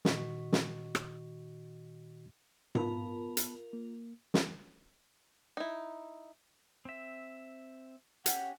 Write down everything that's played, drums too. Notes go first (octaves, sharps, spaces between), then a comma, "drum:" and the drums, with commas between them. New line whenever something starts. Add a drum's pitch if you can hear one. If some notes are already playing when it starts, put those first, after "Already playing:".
A#2 D#3 F#4 D#5 C#6 B6, drum: snare
drum: snare
drum: rim click
B3 F4 A#4 A5 B5, drum: tom G#2
drum: hi-hat
A#3
drum: snare
D#4 E4
C4 E5
C#4 G4 F#5, drum: hi-hat